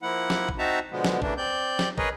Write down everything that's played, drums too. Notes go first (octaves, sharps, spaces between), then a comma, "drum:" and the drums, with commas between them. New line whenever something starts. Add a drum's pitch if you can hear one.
F3 A#3 E4 F#5
drum: snare
drum: kick
C4 D#4 F#4 E5 A5 A#5
B2 D3 F3 G#3 B3
drum: snare
C#3 E3 A3 A#3 D4, drum: kick
C4 D5 G6
drum: snare
G#4 A#4 B4 C#5 D#5, drum: kick